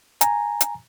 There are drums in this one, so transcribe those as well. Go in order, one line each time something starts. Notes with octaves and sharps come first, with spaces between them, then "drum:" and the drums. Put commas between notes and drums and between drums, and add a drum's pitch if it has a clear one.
G#5 A#5, drum: hi-hat
drum: hi-hat